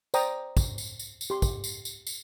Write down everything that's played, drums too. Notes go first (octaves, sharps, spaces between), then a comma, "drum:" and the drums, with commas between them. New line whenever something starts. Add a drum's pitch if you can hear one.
C5 D5 G5 A#5 D#6, drum: tambourine
drum: kick, tambourine
drum: tambourine
drum: tambourine
drum: tambourine
G4 C6
drum: kick, tambourine
drum: tambourine
drum: tambourine
drum: tambourine